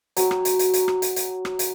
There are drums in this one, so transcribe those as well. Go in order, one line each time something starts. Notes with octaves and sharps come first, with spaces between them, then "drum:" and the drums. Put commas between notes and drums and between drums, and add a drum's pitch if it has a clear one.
F#3 G5, drum: hi-hat
drum: rim click
drum: hi-hat
drum: hi-hat
drum: hi-hat
drum: rim click
drum: hi-hat
drum: hi-hat
drum: rim click
drum: hi-hat